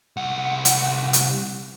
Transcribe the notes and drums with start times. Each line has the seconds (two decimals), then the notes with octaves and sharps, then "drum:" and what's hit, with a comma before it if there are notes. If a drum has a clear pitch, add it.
0.17 C2 F#5
0.65 drum: hi-hat
1.13 drum: hi-hat